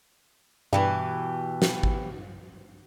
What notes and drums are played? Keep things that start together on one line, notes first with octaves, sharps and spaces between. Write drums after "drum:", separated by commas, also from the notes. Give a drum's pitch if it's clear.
G2 B2 E3 G4
drum: snare
drum: kick G#1